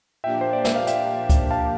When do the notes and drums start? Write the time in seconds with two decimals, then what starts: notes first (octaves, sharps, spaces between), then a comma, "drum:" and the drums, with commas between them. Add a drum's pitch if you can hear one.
0.24 A#2 F3 A#3 D4 G4 E5 G5
0.41 C5
0.53 D5
0.65 E5, drum: snare
0.76 F5
0.87 E5 G5, drum: hi-hat
1.29 drum: kick C#2, hi-hat
1.51 F5 A5